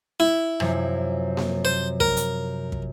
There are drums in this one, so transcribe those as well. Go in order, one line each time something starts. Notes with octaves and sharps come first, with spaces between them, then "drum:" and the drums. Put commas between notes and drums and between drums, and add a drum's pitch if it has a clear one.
E4
F#2 C3 F3, drum: rim click
drum: snare A#3
C5
A#4, drum: kick
drum: hi-hat
drum: kick